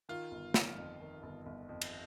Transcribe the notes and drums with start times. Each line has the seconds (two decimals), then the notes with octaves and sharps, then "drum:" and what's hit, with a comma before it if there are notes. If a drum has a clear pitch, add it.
0.09 D#3 F4
0.31 G1
0.54 G1, drum: snare
0.77 F2
1.00 D#3
1.23 G1
1.46 G1
1.69 F2
1.82 drum: cymbal